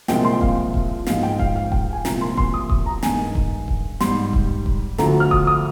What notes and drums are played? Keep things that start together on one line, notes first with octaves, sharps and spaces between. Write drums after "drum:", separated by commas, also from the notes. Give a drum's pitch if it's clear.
C2 A#2 F3 G#3 G5, drum: snare
C6
F5, drum: kick D#1
drum: kick D#1
G#2 F3 G#3 F5, drum: snare
G5
F5, drum: kick D#1
F5
G5, drum: kick D#1
G#5
C2 A#2 F3 G#3 A#5, drum: snare
C6
C6, drum: kick D#1
D#6
D#6, drum: kick D#1
A#5
G2 D#3 G#3 G#5, drum: snare
drum: kick D#1
drum: kick D#1
G#2 G3 C6, drum: snare
drum: kick D#1
drum: kick D#1
D2 D3 F3 A#5, drum: snare
F6
D#6, drum: kick D#1
D#6